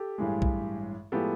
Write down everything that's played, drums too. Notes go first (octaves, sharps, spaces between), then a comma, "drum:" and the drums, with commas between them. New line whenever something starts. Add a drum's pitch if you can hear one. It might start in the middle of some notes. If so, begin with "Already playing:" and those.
Already playing: G4 A4
A1 G2 E3 G#3
drum: kick
A2 F3 G#3 B3 G4 A4